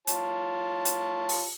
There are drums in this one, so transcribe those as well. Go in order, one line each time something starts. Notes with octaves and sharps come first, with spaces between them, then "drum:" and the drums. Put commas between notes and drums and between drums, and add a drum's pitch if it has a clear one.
F4 C#5 A5, drum: hi-hat
drum: hi-hat
drum: open hi-hat